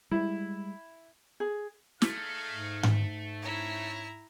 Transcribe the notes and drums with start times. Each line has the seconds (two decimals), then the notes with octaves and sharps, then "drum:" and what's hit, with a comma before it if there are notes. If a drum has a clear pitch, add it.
0.11 G3 G#3 E4
1.40 G#4
2.02 A3 D#4 G#4 F5, drum: snare
2.50 G#2
2.83 drum: tom G#2
3.42 C#4 D#4 E4 C#5 A#5